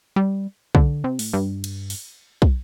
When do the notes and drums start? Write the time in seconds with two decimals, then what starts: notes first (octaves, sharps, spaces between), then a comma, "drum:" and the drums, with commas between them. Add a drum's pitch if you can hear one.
0.16 G3
0.75 D3, drum: kick
1.04 C3
1.19 A2, drum: open hi-hat
1.33 G2
1.64 drum: cymbal
1.90 drum: open hi-hat
2.42 drum: kick